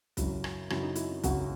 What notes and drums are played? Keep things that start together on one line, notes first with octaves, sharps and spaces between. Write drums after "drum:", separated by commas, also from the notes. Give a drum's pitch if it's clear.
F#2 C#3 F#3 E4, drum: kick, hi-hat
drum: rim click
F#2 C#3 F#3 E4, drum: rim click
D#4
E4, drum: hi-hat
F#2 C#3 F#3 F#4, drum: kick, hi-hat